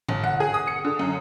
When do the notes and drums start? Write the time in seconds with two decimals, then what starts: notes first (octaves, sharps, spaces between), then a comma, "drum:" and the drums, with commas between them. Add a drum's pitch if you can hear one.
0.09 G1, drum: tom G#2
0.24 F#5
0.40 G#4
0.54 D#6
0.67 C#7
0.85 D3
0.99 F#2